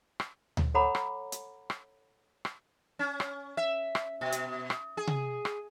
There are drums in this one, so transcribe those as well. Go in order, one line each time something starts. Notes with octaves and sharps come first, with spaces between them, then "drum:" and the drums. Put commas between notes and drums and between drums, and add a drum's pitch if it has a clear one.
drum: rim click
drum: tom D2
A4 C#5 F#5 A#5 B5 D6
drum: rim click
drum: hi-hat
drum: rim click
drum: rim click
C#4
drum: rim click
E5
drum: rim click
B2
drum: hi-hat
drum: rim click
G#4
drum: tom C3
drum: rim click